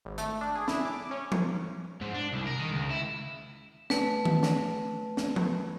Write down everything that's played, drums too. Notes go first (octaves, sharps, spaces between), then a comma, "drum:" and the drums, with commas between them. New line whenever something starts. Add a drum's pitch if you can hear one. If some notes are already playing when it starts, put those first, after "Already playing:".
G#1
A3, drum: hi-hat
D4
G#4
E4, drum: snare
D6
C#4
drum: tom F3
G#2
D4
C2
A#4
D#3
C#2
E4
A3 B4, drum: snare
drum: tom D#3
drum: snare
drum: snare
drum: tom F3